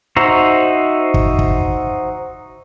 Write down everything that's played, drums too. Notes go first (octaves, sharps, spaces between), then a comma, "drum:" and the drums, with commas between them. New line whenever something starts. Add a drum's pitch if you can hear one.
D#4 F#4 C5 E5 A#5
drum: kick
drum: kick